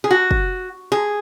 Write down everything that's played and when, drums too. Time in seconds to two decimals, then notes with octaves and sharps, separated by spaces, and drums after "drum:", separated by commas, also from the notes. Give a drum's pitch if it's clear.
0.04 G#4
0.11 F#4
0.31 drum: kick
0.92 G#4